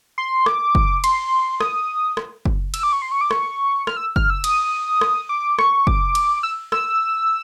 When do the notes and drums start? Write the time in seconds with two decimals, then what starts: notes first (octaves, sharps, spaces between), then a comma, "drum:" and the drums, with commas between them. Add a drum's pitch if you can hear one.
0.18 C6
0.46 D6, drum: rim click
0.75 drum: kick F#1
1.04 C6, drum: cymbal
1.60 D#6, drum: rim click
2.17 drum: rim click
2.45 drum: kick F#1
2.74 E6, drum: cymbal
2.83 D6
2.93 C#6
3.02 C6
3.12 C#6
3.21 D6
3.31 C#6, drum: rim click
3.87 F6, drum: rim click
3.97 E6
4.16 F6, drum: kick F#1
4.30 E6
4.44 D#6, drum: cymbal
5.01 drum: rim click
5.29 D6
5.59 C#6, drum: rim click
5.87 D6, drum: kick F#1
6.15 drum: cymbal
6.43 E6
6.72 E6, drum: rim click